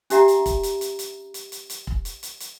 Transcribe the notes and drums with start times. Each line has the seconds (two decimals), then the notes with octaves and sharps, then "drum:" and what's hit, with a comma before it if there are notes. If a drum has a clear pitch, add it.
0.10 C#4 D4 G4 E5 F#5 A#5, drum: hi-hat
0.28 drum: hi-hat
0.46 drum: kick, hi-hat
0.63 drum: hi-hat
0.81 drum: hi-hat
0.99 drum: hi-hat
1.34 drum: hi-hat
1.52 drum: hi-hat
1.70 drum: hi-hat
1.87 drum: kick
2.05 drum: hi-hat
2.23 drum: hi-hat
2.40 drum: hi-hat